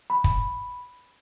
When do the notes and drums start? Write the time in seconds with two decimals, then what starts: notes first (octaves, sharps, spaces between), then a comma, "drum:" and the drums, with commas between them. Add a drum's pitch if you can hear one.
0.10 B5
0.24 drum: kick